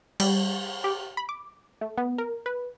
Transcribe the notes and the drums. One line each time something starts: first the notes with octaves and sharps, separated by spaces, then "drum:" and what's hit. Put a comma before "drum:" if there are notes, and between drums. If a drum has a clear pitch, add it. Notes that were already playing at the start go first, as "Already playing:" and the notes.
G3, drum: cymbal
G4
B5
D6
A3
B3
A#4
B4